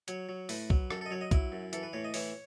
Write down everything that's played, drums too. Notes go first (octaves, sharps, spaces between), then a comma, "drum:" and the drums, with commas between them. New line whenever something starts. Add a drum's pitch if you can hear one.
F#3 C#5, drum: hi-hat
F#3
A2 B4, drum: open hi-hat
F#3, drum: kick
F#2 A4, drum: rim click
A4 D#5
F#3 C#5
D#5
F#3 E4, drum: kick, hi-hat
F#2
E3 A4, drum: hi-hat
B4
A2 C#5
D#5
E3 C#5, drum: open hi-hat